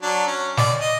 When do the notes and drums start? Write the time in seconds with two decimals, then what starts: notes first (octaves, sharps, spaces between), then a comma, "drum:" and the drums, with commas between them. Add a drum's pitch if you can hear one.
0.02 F#3 D4
0.27 C#4
0.57 D5, drum: snare
0.81 D#5